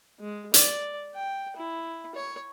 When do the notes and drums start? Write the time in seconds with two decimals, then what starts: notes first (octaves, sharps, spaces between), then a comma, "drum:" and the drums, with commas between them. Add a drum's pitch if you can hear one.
0.20 G#3
0.54 D5, drum: hi-hat
1.15 G5
1.56 E4
2.15 C#5